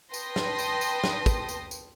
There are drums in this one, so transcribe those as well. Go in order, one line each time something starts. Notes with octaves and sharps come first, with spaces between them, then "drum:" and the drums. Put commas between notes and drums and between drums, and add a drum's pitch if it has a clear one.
B4 G5 A5 C6 D#6 A#6, drum: tambourine
drum: snare
drum: tambourine
drum: tambourine
drum: snare
drum: kick, tambourine
drum: tambourine
drum: tambourine